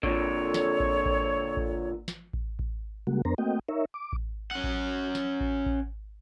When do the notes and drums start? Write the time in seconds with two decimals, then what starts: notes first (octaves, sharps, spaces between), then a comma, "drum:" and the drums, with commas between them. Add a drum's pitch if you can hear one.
0.03 F2 A#2 D3 A4 C#5, drum: kick A1
0.54 drum: snare
0.80 drum: kick A1
1.06 drum: kick A1
1.57 drum: kick A1
2.08 drum: snare
2.33 drum: kick A1
2.59 drum: kick A1
3.07 C#3 G3 G#3 A#3 F#4
3.25 F2 B3 D4 A#4 C5 A#5
3.38 A3 A#3 C4 F#4 D#5 G5
3.69 D#4 A#4 C#5 E5
3.94 D6
4.13 drum: kick A1
4.51 C#4 F#5
4.64 drum: kick A1
5.15 drum: snare
5.41 drum: kick A1
5.66 drum: kick A1